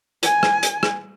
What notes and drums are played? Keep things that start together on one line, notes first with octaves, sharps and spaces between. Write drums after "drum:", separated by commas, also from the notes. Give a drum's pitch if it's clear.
G#5, drum: hi-hat
drum: rim click
drum: hi-hat
drum: rim click